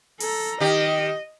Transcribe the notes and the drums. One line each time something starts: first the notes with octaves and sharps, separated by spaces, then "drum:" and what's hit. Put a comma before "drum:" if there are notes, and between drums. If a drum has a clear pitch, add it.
A4 A#5, drum: open hi-hat
D#3 G4 D#5